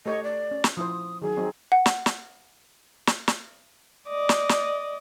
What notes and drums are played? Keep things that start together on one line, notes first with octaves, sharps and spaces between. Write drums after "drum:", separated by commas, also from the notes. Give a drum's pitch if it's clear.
A3 G4 C#5 D#5
D5
C#4
drum: snare
F3 E4 C5 D#6
D#3 F#3 G#4
F#3 C4 D#4
F#5
drum: snare
drum: snare
drum: snare
drum: snare
D5 D#5
drum: snare
drum: snare